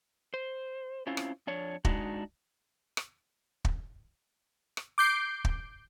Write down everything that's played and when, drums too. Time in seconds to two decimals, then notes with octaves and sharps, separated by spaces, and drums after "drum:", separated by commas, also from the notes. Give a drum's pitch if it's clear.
0.34 C5
1.07 C4 C#4 E4 F4
1.17 drum: rim click
1.47 F2 D4 C#5
1.85 G#3 D4 D#4 F#4, drum: kick
2.97 drum: rim click
3.65 drum: kick
4.77 drum: rim click
4.98 D6 G6 C7 D7
5.45 drum: kick